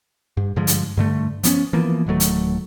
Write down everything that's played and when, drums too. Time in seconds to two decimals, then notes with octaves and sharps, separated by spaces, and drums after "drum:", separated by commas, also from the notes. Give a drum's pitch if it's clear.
0.37 G2
0.56 G2 D3 F3 G#3
0.67 drum: hi-hat
0.97 G2 D3 A3
1.43 F3 B3 C#4, drum: hi-hat
1.73 E3 F3 A#3 B3
2.07 D1 D#3 F#3 A3
2.20 drum: hi-hat